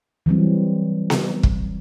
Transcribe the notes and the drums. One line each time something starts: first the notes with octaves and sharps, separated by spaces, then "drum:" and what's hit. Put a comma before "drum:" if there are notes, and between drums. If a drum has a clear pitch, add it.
E3 F#3 G3 C4
drum: snare B3
drum: kick